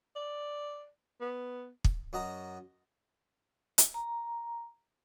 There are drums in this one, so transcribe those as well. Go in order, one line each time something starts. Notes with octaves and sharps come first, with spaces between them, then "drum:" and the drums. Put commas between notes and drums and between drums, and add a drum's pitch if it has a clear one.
D5
B3
drum: kick
F#2 F#4 D#5 A#5
drum: hi-hat
A#5